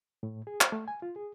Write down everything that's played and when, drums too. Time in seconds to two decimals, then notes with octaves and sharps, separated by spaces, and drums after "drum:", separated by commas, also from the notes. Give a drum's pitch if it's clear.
0.23 A2
0.47 G#4
0.61 C5, drum: clap
0.72 A3
0.88 G#5
1.02 F4
1.16 G#4